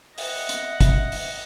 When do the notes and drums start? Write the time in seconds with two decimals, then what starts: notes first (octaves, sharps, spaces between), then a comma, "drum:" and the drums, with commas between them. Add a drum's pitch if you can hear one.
0.18 D#5 E5 F#5, drum: open hi-hat
0.49 drum: hi-hat
0.81 drum: kick, hi-hat
1.12 drum: open hi-hat